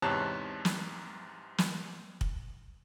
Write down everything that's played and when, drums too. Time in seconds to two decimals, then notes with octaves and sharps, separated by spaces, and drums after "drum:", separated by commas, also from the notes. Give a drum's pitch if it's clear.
0.02 E2 G#2 C3 C#5 A5 F#6
0.65 drum: snare
1.58 drum: snare
2.21 drum: kick